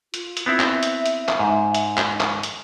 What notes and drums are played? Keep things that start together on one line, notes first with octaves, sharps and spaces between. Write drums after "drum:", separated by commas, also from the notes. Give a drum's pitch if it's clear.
F4, drum: hi-hat
drum: hi-hat
B3 C4 E4 E5
drum: clap
drum: hi-hat
drum: hi-hat
drum: clap
G#2
drum: hi-hat
drum: clap
drum: clap
drum: hi-hat